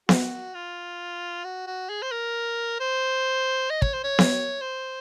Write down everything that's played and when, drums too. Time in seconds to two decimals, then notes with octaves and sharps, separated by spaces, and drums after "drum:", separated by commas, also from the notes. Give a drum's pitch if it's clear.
0.09 F#4, drum: snare B3
0.54 F4
1.44 F#4
1.67 F#4
1.89 G#4
2.02 C5
2.12 A#4
2.80 C5
3.70 D#5
3.82 C#5, drum: kick
3.93 C5
4.04 C#5
4.19 drum: snare B3
4.61 C5